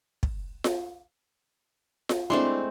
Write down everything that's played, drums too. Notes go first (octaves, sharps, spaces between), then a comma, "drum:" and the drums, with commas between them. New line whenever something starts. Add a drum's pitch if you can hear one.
drum: kick
drum: snare F4
drum: snare F4
G#3 A3 C4 D4 E4 C6